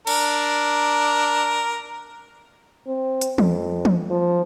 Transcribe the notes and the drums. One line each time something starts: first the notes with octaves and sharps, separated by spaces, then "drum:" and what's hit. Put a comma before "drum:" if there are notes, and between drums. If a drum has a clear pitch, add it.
D4 A#4, drum: cymbal
C4
drum: hi-hat
F2, drum: tom
drum: tom
F3